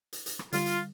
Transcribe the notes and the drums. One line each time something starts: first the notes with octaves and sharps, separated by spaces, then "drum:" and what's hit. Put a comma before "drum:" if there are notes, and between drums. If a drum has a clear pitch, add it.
drum: hi-hat
drum: hi-hat
drum: rim click
D3 G3 F4, drum: hi-hat
drum: hi-hat